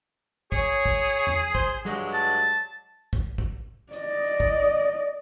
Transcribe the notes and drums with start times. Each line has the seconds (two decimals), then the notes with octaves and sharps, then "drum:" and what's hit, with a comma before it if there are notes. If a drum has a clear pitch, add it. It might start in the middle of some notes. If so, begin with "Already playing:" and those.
0.52 G#4 C#5, drum: kick
0.86 drum: kick
1.27 drum: tom E2
1.55 C5, drum: kick
1.85 G2 F#3 G#3, drum: snare
2.14 A5
3.13 drum: kick
3.38 drum: kick
3.93 D5 D#5, drum: hi-hat
4.40 drum: kick